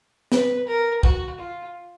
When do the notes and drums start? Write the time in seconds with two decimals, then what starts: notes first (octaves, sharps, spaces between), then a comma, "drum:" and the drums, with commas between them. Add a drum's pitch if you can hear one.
0.32 B4, drum: snare
0.67 A#4
1.03 F#4, drum: kick
1.39 F4